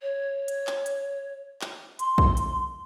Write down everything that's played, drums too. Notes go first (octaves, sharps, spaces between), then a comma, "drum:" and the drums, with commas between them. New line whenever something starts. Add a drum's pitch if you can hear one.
C#5
drum: hi-hat
drum: clap
drum: hi-hat
drum: clap
C6, drum: hi-hat
drum: kick
drum: hi-hat